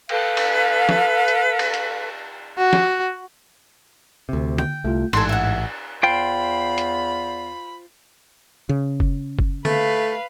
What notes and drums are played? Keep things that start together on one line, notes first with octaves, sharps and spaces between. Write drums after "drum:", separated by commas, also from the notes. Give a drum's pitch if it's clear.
A4 B4 F5, drum: cymbal
drum: cymbal
drum: snare
drum: hi-hat
drum: cymbal
drum: hi-hat
F#4
drum: snare
D2 C3
G5, drum: tom D3
C2 A3 F4
A1 G#2 A4 C6 G#6, drum: cymbal
E5 F#5
E2 F4 C5 G5 B5
drum: hi-hat
C#3
drum: kick F#1
drum: kick F#1
A3 B4 F5, drum: tom D3